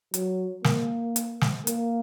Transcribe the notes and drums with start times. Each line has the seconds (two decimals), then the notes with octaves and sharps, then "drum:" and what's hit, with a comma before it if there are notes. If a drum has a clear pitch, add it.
0.14 F#3, drum: hi-hat
0.64 A#3, drum: snare
1.16 drum: hi-hat
1.41 drum: snare
1.67 A#3, drum: hi-hat